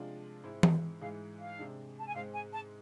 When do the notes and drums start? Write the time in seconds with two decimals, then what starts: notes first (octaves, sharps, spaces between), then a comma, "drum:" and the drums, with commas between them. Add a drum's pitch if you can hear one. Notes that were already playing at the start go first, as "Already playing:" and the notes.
Already playing: C3 F3 G#3 D4 F4
0.43 G#2 G#3 C4 E4
0.63 drum: tom E3
1.01 G#2 E3 G#3 F5
1.39 F5
1.58 C3 G#3 D4
1.98 A5
2.07 G#5
2.14 G#2 G#3 C4 F5
2.34 G#5
2.53 A5